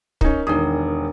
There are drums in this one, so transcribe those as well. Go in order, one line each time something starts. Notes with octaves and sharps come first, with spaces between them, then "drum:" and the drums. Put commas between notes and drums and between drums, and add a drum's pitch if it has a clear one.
C#4 D#4 A#4, drum: kick
E1 D#3 D4 A#4 D#6